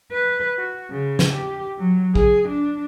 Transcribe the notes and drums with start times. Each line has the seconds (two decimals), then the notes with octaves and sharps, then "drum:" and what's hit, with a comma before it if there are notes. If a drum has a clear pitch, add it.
0.12 B4
0.58 F#4
0.91 C#3
1.19 drum: snare
1.33 G4
1.79 F#3
2.15 G#4, drum: kick
2.49 D4